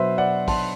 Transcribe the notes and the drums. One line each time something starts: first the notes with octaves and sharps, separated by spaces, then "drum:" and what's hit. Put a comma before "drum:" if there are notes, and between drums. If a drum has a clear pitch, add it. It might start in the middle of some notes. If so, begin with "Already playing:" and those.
Already playing: B2 F#3 B4 C5 E5
D5 F#5
A5 C6, drum: kick, open hi-hat